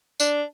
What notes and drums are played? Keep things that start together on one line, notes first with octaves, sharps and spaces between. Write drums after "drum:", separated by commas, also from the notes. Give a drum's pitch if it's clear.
D4, drum: tambourine